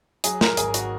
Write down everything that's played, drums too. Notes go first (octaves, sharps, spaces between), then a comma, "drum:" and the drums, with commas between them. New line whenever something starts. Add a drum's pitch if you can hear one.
F#3 G#4, drum: hi-hat
A#4, drum: snare
G#1 G#4, drum: hi-hat
F#4, drum: hi-hat